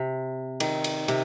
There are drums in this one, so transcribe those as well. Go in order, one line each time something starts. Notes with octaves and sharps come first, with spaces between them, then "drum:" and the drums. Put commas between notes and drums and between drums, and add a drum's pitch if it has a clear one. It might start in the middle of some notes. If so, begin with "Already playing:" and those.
Already playing: C3
D#3, drum: cymbal
drum: cymbal
C3, drum: cymbal